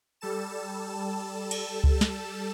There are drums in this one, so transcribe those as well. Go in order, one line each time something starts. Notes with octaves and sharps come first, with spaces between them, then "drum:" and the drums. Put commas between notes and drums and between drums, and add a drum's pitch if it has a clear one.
G3 A4 A5 E7
drum: cymbal
drum: kick C#2
drum: snare